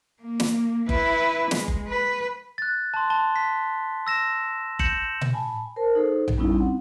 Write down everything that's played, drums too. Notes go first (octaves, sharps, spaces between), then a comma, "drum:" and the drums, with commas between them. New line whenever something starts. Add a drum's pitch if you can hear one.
A#3
drum: snare
E4 B4, drum: kick F#1
G#3, drum: snare
drum: kick F#1
B4
F#6 A6
A5 C6
A5 G7
B6
E6 A#6 E7
G6 A#6 C#7 E7 F#7, drum: kick F#1
drum: tom A#2
G#5 A5 B5
A#4 C5 A5
D#4 G#4 A4 C5
drum: tom A#1
G3 B3 C#4 D#4 E4
C4 F#5